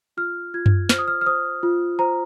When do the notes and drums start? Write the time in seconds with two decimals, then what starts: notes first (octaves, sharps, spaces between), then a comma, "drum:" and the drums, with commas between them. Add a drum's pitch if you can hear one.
0.17 F4 F6
0.54 F4 G#6
0.66 drum: tom F#2
0.89 C5 F6, drum: snare
0.98 D#6
1.08 F6
1.21 F6
1.26 C5 D#6
1.63 F4
1.99 C5 A#5